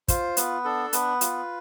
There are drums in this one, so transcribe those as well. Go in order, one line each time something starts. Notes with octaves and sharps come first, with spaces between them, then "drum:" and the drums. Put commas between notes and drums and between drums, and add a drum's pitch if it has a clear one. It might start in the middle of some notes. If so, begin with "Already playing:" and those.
F4 C5, drum: kick, hi-hat
B3 B4, drum: hi-hat
D4 A4
B3 B4, drum: hi-hat
F4, drum: hi-hat